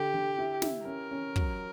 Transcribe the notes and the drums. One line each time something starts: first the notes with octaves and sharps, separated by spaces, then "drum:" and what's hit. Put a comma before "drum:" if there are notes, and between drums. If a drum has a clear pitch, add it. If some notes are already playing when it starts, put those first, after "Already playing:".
Already playing: D3 G4
D3
E4
E4, drum: snare
C#4 A#4
C#4
F#3, drum: kick